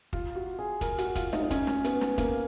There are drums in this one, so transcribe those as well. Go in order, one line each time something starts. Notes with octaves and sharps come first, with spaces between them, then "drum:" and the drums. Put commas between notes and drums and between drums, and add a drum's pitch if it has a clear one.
F4, drum: kick
F#4
G#4
A#4, drum: kick, hi-hat
F#4, drum: hi-hat
F4, drum: kick, hi-hat
D#4, drum: snare
D#4
C#4, drum: kick, hi-hat
drum: snare
B3, drum: hi-hat
drum: snare
A#3, drum: kick, hi-hat